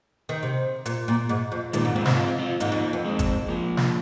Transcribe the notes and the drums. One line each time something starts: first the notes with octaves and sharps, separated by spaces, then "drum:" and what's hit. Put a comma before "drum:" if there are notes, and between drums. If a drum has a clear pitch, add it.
D#3
C3
A#2, drum: hi-hat
A#2
G#2
F2
A#2 D#3 G#3, drum: hi-hat
G#2
F2 G#3 C4
G#2, drum: snare
C4 F4
C4 F4
G#2 A#3 D#4, drum: hi-hat
F2
F2
G#3 C4
drum: kick, hi-hat
F3 A#3
drum: snare